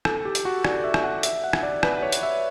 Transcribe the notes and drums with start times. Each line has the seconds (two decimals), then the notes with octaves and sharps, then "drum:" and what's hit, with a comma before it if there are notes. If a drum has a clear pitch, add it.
0.05 A4, drum: rim click
0.25 G4
0.35 drum: hi-hat
0.45 F#4
0.64 D5, drum: rim click
0.84 E5
0.94 drum: rim click
1.03 F#5
1.23 E5, drum: hi-hat
1.44 F#5
1.53 drum: rim click
1.63 D5
1.83 B4, drum: rim click
2.02 C#5
2.12 drum: hi-hat
2.23 E5